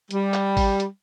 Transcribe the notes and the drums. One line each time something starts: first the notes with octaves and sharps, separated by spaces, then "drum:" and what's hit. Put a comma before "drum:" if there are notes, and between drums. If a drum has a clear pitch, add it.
G3, drum: hi-hat
drum: clap
drum: kick G#1, open hi-hat
drum: hi-hat